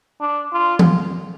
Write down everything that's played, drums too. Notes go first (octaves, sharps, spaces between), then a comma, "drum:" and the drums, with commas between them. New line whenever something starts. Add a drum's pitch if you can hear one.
D4
F4
drum: tom E3